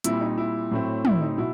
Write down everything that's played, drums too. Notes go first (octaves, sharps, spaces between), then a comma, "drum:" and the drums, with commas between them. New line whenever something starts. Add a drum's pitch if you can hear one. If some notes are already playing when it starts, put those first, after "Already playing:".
A#2 G3 C4 E4, drum: hi-hat
D#4
E4
A2 F#3 A3 C4
E4, drum: tom
D#4
B2 E4